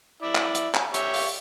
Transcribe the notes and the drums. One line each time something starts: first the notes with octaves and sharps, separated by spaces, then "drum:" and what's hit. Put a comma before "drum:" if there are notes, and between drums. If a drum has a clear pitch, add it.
E4 D5
drum: clap
drum: hi-hat
drum: clap
G4 C#5 E5, drum: hi-hat
drum: open hi-hat